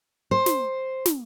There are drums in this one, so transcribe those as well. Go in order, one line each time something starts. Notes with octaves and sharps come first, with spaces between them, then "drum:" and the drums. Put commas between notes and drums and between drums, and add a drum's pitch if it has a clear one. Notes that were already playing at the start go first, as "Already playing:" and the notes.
C5
drum: snare
drum: snare